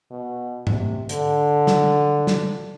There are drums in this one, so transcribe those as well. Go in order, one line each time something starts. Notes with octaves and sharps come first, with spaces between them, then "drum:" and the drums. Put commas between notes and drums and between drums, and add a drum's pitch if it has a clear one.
B2
C3, drum: tom G#2
D3, drum: hi-hat
drum: snare
drum: snare